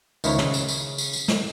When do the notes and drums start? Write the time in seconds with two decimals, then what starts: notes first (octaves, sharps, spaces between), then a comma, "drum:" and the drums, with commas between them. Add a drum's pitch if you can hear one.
0.24 C#2 D#3 E4 C5 C#5 A#5, drum: tambourine
0.38 C#3, drum: snare
0.54 drum: tambourine
0.69 drum: tambourine
0.98 drum: tambourine
1.13 drum: tambourine
1.28 drum: snare